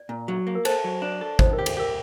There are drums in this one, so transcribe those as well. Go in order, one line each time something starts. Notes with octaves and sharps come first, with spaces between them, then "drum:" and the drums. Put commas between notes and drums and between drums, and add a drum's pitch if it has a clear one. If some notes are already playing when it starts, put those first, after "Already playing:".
Already playing: D5
A#2
F#3
A#3
A#4
A4 C5, drum: cymbal
F#3
D4
A4
D#3 C5, drum: kick
A#4
G4
A4, drum: cymbal
G4 A#4